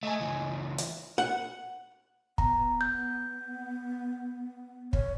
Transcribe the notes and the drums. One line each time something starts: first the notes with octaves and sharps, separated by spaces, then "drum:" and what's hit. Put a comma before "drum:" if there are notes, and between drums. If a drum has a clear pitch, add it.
A3 A4 D#5 G#5
C#2 E3
drum: hi-hat
F#5
B3 A#5, drum: kick
G6
C#5, drum: kick